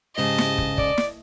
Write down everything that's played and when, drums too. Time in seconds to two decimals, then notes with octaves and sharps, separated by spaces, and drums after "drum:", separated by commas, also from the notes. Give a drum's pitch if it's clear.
0.18 G#2 C#3 G4 D#5 A5
0.38 drum: snare
0.58 drum: kick
0.78 D5, drum: kick
0.98 drum: snare